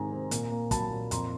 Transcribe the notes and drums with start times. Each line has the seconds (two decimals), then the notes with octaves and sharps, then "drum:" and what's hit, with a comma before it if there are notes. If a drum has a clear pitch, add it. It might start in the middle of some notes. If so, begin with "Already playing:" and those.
Already playing: G#2 C3 D#3 G#3 G#5 A#5
0.12 C4
0.31 A#2, drum: hi-hat
0.51 A#3
0.71 F#3 A5 B5, drum: kick, hi-hat
0.91 A#2
1.11 F2 A#5 C6, drum: hi-hat